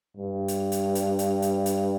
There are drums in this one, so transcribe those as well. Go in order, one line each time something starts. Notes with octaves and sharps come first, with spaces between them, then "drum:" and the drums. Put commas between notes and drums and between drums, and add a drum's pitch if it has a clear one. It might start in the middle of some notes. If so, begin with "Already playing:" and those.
G2
drum: hi-hat
drum: hi-hat
drum: hi-hat
drum: hi-hat
drum: hi-hat
drum: hi-hat